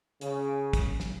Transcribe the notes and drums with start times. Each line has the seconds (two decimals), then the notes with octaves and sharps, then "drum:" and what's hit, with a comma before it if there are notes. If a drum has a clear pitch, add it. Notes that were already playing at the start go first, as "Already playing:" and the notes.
0.21 C#3, drum: hi-hat
0.73 drum: kick, hi-hat
1.00 drum: snare